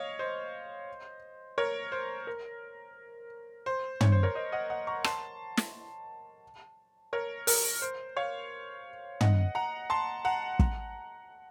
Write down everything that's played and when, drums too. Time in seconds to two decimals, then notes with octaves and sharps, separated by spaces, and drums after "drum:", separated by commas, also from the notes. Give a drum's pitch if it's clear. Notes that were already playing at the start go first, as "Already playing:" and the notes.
Already playing: C#5 D#5 F5
0.19 C5 D#5
1.58 A#4 C#5
1.92 C5
2.27 A#4
3.66 C5
4.01 C#5, drum: tom
4.12 C5
4.23 A#4 C#5
4.35 C5 D#5
4.52 D#5 F#5
4.70 D#5 F#5
4.87 A#5 C#6
5.04 A5 C6, drum: rim click
5.57 drum: snare
7.13 A#4 C#5
7.47 A#4, drum: open hi-hat
7.82 C5
8.17 C#5 F5
9.21 D#5 F#5, drum: tom
9.55 F#5 A#5
9.90 A5 C6
10.25 F#5 A#5
10.59 F#5 A#5, drum: kick